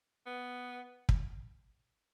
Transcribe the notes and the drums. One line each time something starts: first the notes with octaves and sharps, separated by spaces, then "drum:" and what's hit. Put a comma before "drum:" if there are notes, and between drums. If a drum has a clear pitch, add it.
B3
drum: kick